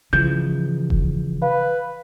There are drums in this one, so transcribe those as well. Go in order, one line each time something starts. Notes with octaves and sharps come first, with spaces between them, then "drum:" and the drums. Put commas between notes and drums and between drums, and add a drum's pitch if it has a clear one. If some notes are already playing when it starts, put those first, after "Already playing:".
C#3 E3 F3 G6
drum: kick E1
B4 F5